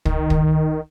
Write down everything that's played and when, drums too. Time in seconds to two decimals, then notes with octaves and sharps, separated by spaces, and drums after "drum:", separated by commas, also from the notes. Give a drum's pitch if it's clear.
0.05 D#3, drum: kick
0.30 drum: kick